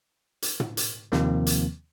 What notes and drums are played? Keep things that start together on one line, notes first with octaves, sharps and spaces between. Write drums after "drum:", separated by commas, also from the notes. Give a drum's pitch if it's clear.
drum: hi-hat
drum: tom
drum: hi-hat
D#2 C3 D#3 F3 A#3 C4, drum: snare
drum: hi-hat